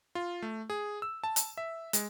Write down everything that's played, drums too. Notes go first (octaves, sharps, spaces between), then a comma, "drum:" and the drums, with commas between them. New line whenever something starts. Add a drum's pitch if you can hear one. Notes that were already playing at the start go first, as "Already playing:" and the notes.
F4
A3
G#4
E6
A5
drum: hi-hat
E5
G#3, drum: hi-hat